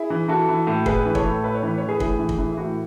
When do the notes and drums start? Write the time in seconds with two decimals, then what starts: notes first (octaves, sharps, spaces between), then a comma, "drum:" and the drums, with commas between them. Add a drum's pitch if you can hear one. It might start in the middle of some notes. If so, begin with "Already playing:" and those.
Already playing: E4 G#4
0.10 E3
0.28 E3 F#4 A4
0.49 E3
0.67 A2
0.86 A2 G#4 B4, drum: kick
1.06 E3
1.15 A4 C#5, drum: kick
1.24 A2
1.44 A2 B4
1.55 C#5
1.63 E3 B4
1.78 E3 C#5
1.89 G#4 B4
2.00 A2 E4 G#4, drum: kick
2.19 E3
2.29 drum: kick
2.38 E3
2.52 E4
2.57 A2 F#4